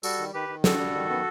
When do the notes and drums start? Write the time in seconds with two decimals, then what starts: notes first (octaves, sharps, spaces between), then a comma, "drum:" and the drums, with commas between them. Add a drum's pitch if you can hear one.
0.03 G3 F#4 A4, drum: tambourine
0.19 D#3
0.33 D#3 G4 B4
0.49 D#3
0.64 G3 F#4 A4, drum: snare
0.78 G3
0.95 D#3
1.10 B3